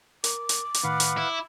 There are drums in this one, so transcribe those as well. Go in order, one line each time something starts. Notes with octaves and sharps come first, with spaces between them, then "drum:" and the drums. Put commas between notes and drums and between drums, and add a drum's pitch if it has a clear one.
A#4 D6, drum: hi-hat
drum: hi-hat
drum: hi-hat
A2 D#3 B4 F5 F#5
drum: hi-hat
E4